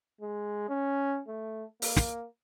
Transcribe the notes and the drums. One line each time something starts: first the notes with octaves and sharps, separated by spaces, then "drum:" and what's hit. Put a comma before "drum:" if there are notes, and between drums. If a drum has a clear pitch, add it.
G#3
C#4
A3
A#3, drum: open hi-hat
drum: snare